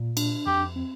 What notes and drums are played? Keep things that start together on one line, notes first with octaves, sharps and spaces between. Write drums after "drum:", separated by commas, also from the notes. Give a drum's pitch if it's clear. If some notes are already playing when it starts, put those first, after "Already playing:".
Already playing: A#2
D4, drum: cymbal
F2 G4
C4